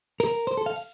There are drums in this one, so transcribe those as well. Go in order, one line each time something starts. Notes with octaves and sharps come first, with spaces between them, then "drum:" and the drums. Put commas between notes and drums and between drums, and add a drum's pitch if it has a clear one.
A#4, drum: snare
drum: open hi-hat
C5, drum: hi-hat
A4
F5
drum: open hi-hat